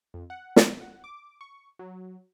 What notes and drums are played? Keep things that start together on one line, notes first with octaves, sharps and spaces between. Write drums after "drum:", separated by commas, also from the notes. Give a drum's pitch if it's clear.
F2
F#5
drum: snare
F#5
D6
C#6
F#3